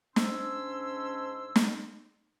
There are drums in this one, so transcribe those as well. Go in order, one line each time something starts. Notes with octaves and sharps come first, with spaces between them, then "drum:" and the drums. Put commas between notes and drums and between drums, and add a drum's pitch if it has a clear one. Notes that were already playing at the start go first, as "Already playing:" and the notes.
G#2 C#4 D4 C6 E6, drum: snare
drum: snare